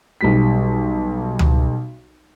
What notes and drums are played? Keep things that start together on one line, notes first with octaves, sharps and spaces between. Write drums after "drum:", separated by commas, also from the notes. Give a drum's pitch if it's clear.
B1 G3 B6
drum: tom C#2